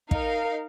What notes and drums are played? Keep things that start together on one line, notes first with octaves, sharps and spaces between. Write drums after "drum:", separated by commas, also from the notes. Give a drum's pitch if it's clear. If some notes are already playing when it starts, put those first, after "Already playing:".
D#4 A#4 F5, drum: kick